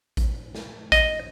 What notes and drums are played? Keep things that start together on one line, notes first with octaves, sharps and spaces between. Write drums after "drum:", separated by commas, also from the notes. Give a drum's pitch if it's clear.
drum: kick A1, hi-hat
drum: snare
D#5, drum: kick A1, hi-hat